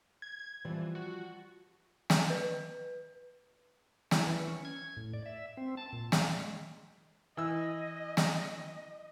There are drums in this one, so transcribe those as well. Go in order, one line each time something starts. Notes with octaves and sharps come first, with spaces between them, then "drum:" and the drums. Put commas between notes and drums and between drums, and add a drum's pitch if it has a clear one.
G#6
E3 F3 G3 C4
F#4
drum: snare
B4
E4, drum: snare
E3
C#4
G#6
A2
D5
E5
C4
A5
A#2
F5, drum: snare
G#3
E3 D#5 E6
drum: snare